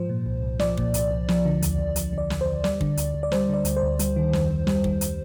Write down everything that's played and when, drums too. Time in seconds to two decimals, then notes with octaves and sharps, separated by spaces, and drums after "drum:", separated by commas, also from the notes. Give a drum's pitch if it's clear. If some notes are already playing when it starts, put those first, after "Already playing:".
Already playing: G#2 F3 C5
0.09 A#2
0.26 C2
0.43 C2
0.59 F3 D5, drum: snare
0.77 A#2, drum: kick
0.94 C2, drum: hi-hat
1.11 C2
1.29 F3, drum: snare
1.45 D3
1.62 D#2, drum: hi-hat
1.79 D#2
1.96 F3, drum: hi-hat
2.13 D3 D5
2.30 D#2, drum: snare
2.41 C5
2.46 D#2
2.64 G3 D5, drum: snare
2.81 D3, drum: kick
2.97 D2, drum: hi-hat
3.14 D2
3.23 D5
3.32 G3 C5, drum: snare
3.49 D3 D5
3.65 D2, drum: hi-hat
3.77 C5
3.82 D2
3.99 G3, drum: hi-hat
4.16 D#3
4.33 F2, drum: snare
4.51 F2
4.67 G3, drum: snare
4.84 D#3, drum: kick
5.01 drum: hi-hat